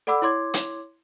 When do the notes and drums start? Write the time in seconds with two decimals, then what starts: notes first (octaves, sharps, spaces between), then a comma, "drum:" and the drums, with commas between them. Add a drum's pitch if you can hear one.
0.07 A4 D5 F#5 B5 D6 E6
0.22 E4 C#5 C6 D6 G#6
0.54 drum: hi-hat